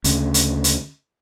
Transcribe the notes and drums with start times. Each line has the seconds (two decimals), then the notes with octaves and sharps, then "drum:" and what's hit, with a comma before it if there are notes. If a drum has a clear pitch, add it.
0.04 D2 C#3, drum: hi-hat
0.34 drum: hi-hat
0.64 drum: hi-hat